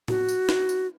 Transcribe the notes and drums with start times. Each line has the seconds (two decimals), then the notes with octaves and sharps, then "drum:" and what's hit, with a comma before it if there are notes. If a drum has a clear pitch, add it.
0.08 F#4, drum: tom A2
0.28 drum: tambourine
0.49 drum: snare
0.69 drum: tambourine